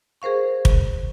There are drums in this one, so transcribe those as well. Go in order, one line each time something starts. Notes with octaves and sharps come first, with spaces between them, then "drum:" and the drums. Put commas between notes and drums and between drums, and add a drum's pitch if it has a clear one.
G#4 A#4 C5 F5 C#6
drum: kick